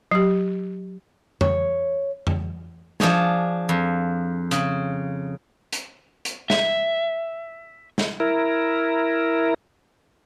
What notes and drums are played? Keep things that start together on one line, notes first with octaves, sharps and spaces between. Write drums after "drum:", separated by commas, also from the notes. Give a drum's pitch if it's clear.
F#3 G4
C#5, drum: tom F2
drum: tom F2
F3 D4 G#4 C#5, drum: snare
F2
C#3, drum: hi-hat
drum: hi-hat
drum: hi-hat
E5, drum: snare
drum: snare
E4 A#4